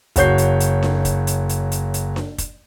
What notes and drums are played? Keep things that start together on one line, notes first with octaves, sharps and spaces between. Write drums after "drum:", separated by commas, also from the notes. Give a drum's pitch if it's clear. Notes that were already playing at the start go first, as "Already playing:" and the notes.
F#1 F#4 C#5 G6 C7, drum: hi-hat
drum: hi-hat
drum: hi-hat
drum: snare D4
drum: kick, hi-hat
drum: hi-hat
drum: hi-hat
drum: hi-hat
drum: hi-hat
drum: snare D4
drum: kick, hi-hat